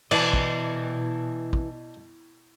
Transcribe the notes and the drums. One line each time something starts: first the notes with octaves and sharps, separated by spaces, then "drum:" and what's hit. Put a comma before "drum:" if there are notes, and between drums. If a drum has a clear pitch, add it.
B2 E3 D5 D#5 A5, drum: cymbal
drum: kick
drum: kick